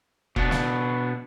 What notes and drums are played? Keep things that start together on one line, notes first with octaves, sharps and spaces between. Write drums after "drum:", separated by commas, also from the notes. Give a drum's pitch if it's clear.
B2 B3 D4, drum: kick E1
drum: snare